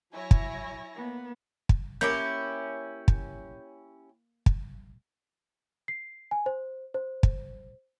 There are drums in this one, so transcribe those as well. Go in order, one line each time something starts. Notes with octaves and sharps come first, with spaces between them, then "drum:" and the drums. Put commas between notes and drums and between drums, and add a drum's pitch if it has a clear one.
F#3 E4 C#5 G#5 A#6
drum: kick
A#3 B3
drum: kick
A#3 C#4 E4 G4 G6
drum: kick
drum: kick
C7
G#5
C5
C5
drum: kick